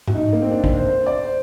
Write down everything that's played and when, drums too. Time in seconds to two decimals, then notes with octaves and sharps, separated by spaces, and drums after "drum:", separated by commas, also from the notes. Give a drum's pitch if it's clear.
0.07 F#4, drum: tom G#2
0.14 D#4
0.33 A#3
0.42 C4
0.51 D4
0.64 D4, drum: kick
0.77 C5
0.88 C5
1.06 D5
1.25 C5